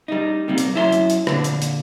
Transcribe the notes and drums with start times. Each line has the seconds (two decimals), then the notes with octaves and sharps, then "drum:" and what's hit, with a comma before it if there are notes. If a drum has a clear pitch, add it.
0.08 G3 D#4
0.48 C3 G3 A#3
0.58 drum: hi-hat
0.74 F#2 E4 A4 C6
0.92 drum: hi-hat
1.10 drum: hi-hat
1.27 A#2 D3, drum: rim click
1.44 drum: hi-hat
1.62 drum: hi-hat